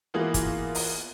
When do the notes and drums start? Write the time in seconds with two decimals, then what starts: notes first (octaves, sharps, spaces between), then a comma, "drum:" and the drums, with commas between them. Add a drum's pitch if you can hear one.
0.14 E3 A#3 B3 F4 F#4 G#4
0.34 drum: kick, hi-hat
0.75 drum: open hi-hat